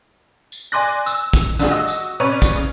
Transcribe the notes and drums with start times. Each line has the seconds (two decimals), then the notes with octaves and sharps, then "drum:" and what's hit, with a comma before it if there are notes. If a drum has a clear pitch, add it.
0.52 drum: tambourine
0.72 D5 G#5 C6 D6 F#6 A#6
1.06 E6, drum: tambourine
1.33 drum: kick, tambourine
1.59 D3 G3 A3 F4 F#4 G#4, drum: tambourine
1.71 F#4 D#5 E6
1.88 drum: tambourine
2.20 C3 C#4 B4 C#5 D5
2.42 drum: kick, tambourine
2.56 C#3